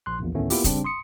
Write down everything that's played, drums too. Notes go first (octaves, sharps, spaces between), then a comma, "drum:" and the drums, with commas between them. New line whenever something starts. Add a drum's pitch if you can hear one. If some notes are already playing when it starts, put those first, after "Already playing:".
A#1 C6 F#6
A#1 E2 A#2
D2 A2 D#3 A3 B3 C#4
A#3 B3 E4 F4 G4, drum: open hi-hat
C#3 G3 C4 D4, drum: kick, hi-hat
C6 D#6 C#7